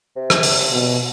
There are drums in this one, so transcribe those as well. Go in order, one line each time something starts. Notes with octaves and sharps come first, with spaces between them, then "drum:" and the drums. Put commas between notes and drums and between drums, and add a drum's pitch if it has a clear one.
C3
drum: rim click
drum: open hi-hat
B2